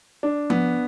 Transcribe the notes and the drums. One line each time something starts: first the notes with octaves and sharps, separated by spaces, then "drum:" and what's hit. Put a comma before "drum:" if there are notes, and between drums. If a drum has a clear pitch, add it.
D4
B3, drum: tom F3